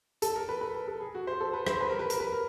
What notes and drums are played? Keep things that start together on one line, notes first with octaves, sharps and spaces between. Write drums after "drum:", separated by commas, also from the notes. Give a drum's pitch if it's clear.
A4, drum: hi-hat
A#4
B4
B4
B4
A4
G#4
F#4
C5
A4
B4
C5, drum: rim click
B4
A#4
B4
A#4, drum: hi-hat
B4
A#4